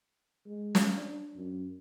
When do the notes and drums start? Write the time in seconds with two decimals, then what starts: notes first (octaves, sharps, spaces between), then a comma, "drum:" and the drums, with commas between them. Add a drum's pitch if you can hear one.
0.46 G#3
0.75 drum: snare
0.95 D4
1.36 F#2